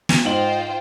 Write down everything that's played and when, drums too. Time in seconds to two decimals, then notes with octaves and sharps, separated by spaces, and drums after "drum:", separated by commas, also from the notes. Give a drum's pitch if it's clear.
0.09 drum: snare
0.25 G#2 F4 C5 D#5 G5 F#7